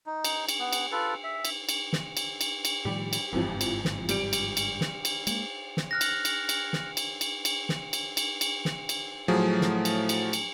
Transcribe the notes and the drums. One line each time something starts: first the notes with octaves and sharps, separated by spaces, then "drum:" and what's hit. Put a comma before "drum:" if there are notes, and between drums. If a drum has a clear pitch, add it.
D#4
drum: cymbal
drum: cymbal
B3
drum: cymbal
F4 A4 B4
E5
drum: cymbal
drum: cymbal
drum: snare
drum: cymbal
drum: cymbal
drum: cymbal
A2 D#3 F3 G3 G4
drum: cymbal
G1 F2 G#2 E3 F3
drum: cymbal
drum: snare
G3 D7, drum: cymbal
drum: cymbal
drum: cymbal
drum: snare
drum: cymbal
G#3 A#3, drum: cymbal
drum: snare
F6 F#6 A#6
drum: cymbal
drum: cymbal
drum: cymbal
drum: snare
drum: cymbal
drum: cymbal
drum: cymbal
drum: snare
drum: cymbal
drum: cymbal
drum: cymbal
drum: snare
drum: cymbal
A2 F3 F#3 G#4
drum: snare
drum: cymbal
drum: cymbal
drum: cymbal